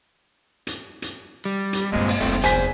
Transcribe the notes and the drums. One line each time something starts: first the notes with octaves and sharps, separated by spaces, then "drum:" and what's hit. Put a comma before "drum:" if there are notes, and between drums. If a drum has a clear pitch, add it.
drum: hi-hat
drum: hi-hat
G3
drum: hi-hat
G2 A#2 G#3 B3 C4
drum: open hi-hat
F1 C2 G2 A#2 A3 C4
E2 C5 G#5 B6, drum: hi-hat